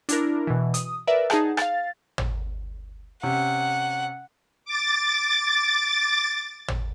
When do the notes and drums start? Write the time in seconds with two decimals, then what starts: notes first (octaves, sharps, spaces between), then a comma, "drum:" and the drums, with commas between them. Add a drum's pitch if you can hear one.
0.09 D4 E4 A#4, drum: hi-hat
0.47 B2 E3
0.74 D#6, drum: hi-hat
1.07 A#4 B4 D5 E5
1.30 D#4 G#4 F#5 A5, drum: rim click
1.57 F5 A6, drum: rim click
2.18 drum: tom
3.23 C3 C#4 F#5
4.65 D6 A6
6.68 drum: tom